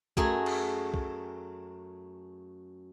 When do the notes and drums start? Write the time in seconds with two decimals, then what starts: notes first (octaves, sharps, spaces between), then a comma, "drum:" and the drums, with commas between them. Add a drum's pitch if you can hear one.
0.17 F#2 F#3 A3 G#4, drum: kick
0.46 drum: cymbal
0.94 drum: kick